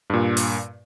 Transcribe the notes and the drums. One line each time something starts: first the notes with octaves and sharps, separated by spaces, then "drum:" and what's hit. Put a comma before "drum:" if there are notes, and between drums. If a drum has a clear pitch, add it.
G2 A#2
drum: open hi-hat